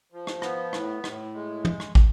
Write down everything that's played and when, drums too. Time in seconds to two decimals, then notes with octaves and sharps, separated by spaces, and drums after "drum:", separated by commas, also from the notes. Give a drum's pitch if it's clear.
0.12 F3
0.27 drum: rim click
0.42 B3, drum: rim click
0.73 A2, drum: rim click
1.04 A2, drum: rim click
1.34 G#3
1.65 drum: tom
1.80 drum: rim click
1.95 drum: kick